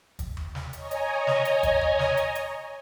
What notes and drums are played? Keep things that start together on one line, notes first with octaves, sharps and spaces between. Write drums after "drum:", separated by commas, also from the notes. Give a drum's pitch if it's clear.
drum: kick, hi-hat
drum: tom D#2
drum: snare
C#5 D#5 G#5 A#5, drum: hi-hat
drum: hi-hat
drum: snare
drum: hi-hat
drum: kick, hi-hat
drum: tom D#2
drum: snare
drum: hi-hat
drum: hi-hat